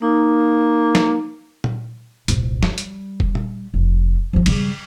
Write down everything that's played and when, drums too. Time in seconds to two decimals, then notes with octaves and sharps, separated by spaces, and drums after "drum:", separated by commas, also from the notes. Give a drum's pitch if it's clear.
0.02 A#3 D#4
0.95 drum: snare
1.64 drum: tom A#2
2.28 D#1 C2, drum: hi-hat
2.63 G3, drum: snare
2.78 drum: hi-hat
3.20 drum: kick F1
3.35 drum: tom A#2
3.74 F1
4.33 F3 F#3
4.46 C#3 G3, drum: cymbal